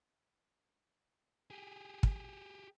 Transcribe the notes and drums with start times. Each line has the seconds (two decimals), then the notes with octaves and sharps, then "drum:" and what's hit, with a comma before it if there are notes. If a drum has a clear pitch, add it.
1.51 G4 G#4
2.03 drum: kick